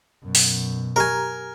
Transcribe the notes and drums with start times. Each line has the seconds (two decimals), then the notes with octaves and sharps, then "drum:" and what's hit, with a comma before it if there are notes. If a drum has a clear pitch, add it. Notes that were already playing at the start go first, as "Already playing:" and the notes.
0.24 F#2 B2
0.35 drum: open hi-hat
0.96 G4 A#4 G#5 A#5